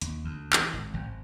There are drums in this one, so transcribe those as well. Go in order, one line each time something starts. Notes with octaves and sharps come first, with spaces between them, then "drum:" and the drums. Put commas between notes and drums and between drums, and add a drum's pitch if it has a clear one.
D#2, drum: hi-hat
D2
E3, drum: clap
G#1
G#1